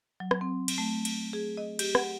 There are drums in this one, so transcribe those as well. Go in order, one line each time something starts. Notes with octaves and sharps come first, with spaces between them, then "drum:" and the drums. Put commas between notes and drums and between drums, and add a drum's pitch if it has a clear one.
F#3
drum: rim click
C4
drum: cymbal
A3
drum: cymbal
G#4
D#5
G4, drum: cymbal
F#5, drum: rim click